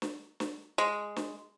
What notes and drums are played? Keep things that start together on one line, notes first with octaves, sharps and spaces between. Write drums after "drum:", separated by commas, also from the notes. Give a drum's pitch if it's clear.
drum: snare
drum: snare
G#3
drum: snare